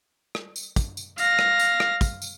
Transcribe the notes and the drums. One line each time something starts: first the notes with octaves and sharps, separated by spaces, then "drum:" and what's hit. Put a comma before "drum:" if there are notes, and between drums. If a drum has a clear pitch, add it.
drum: rim click
drum: tambourine
drum: kick, tambourine
drum: tambourine
F5 A#6, drum: tambourine
drum: rim click
drum: tambourine
drum: rim click
drum: kick, tambourine
drum: tambourine